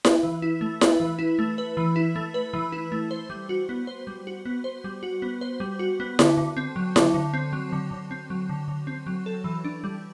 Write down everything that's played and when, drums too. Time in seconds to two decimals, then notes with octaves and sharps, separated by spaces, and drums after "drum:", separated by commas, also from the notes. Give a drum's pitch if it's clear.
0.05 B4, drum: snare E4
0.23 E3
0.42 E4
0.61 A3
0.81 B4, drum: snare E4
1.00 E3
1.19 E4
1.39 A3
1.58 B4
1.77 E3
1.96 E4
2.16 A3
2.34 B4
2.54 E3
2.72 E4
2.92 A3
3.11 C5
3.30 G3
3.49 F#4
3.69 B3
3.87 C5
4.07 G3
4.27 F#4
4.45 B3
4.64 C5
4.84 G3
5.03 F#4
5.22 B3
5.41 C5
5.60 G3
5.79 F#4
6.00 B3
6.19 D3, drum: snare E4
6.37 D3
6.57 C4
6.76 F#3
6.96 D3, drum: snare E4
7.14 D3
7.34 C4
7.53 F#3
7.73 D3
7.91 D3
8.11 C4
8.30 F#3
8.49 D3
8.68 D3
8.87 C4
9.07 F#3
9.26 A4
9.44 E3
9.64 D4
9.84 G3